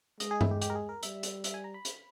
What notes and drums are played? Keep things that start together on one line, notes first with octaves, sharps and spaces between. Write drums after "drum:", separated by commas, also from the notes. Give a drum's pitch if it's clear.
G#3 D#5, drum: hi-hat
G#4
E4, drum: tom G2
G4
G4, drum: hi-hat
A#4
G#4
A#4
G3 E5, drum: hi-hat
drum: hi-hat
E5, drum: hi-hat
G#5
A#5
B5
drum: hi-hat